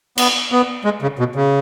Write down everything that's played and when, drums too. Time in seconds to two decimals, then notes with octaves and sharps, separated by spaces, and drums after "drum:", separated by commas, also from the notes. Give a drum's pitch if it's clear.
0.18 B3, drum: cymbal
0.52 B3
0.85 G#3
1.02 C#3
1.19 B2
1.36 C#3